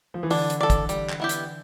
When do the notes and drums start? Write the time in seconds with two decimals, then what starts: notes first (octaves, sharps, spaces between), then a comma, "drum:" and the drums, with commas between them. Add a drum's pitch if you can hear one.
0.14 F3
0.23 E3
0.30 D3 D4, drum: open hi-hat
0.50 drum: hi-hat
0.60 A4 D5
0.70 drum: kick, hi-hat
0.89 G3, drum: hi-hat
1.09 drum: clap
1.20 B3 E4 G4
1.29 drum: hi-hat